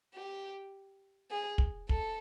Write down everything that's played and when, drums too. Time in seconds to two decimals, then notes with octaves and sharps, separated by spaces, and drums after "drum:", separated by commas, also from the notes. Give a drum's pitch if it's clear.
0.15 G4
1.31 G#4
1.58 drum: kick
1.89 A4, drum: kick